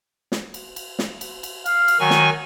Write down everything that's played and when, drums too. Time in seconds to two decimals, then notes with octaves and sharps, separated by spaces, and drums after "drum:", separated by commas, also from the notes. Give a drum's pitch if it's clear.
0.32 drum: snare
0.54 drum: cymbal
0.76 drum: cymbal
0.99 drum: snare
1.21 drum: cymbal
1.43 drum: cymbal
1.66 F5, drum: cymbal
1.88 drum: cymbal
2.00 D#3 F#3 G#5 C#6
2.10 drum: snare